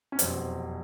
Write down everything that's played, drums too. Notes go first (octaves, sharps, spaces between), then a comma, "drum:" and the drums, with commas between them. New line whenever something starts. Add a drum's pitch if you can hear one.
C#4
F1 E2 B2 F#3 C4, drum: hi-hat